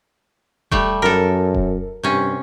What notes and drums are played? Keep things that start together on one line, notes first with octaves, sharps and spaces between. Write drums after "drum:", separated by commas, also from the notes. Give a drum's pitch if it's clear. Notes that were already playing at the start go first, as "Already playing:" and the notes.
G3 A3, drum: kick E1
F#2 A4 A#4
drum: kick E1
G2 C3 C#4